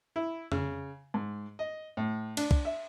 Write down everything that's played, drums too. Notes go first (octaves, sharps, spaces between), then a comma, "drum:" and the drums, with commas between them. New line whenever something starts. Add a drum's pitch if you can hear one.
E4
C#3, drum: tom
G#2
D#5
A2
D4, drum: cymbal
drum: kick
E5